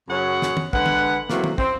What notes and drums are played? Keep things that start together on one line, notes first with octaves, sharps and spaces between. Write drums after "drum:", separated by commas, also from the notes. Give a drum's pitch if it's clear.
F#2 C#3 F#3 C#4 G#4 F#5
drum: snare
drum: tom
D3 G#3 B4 F#5, drum: kick
drum: tom
C#3 E3 F#3 A3 A#3 C4, drum: snare
drum: tom
C4, drum: kick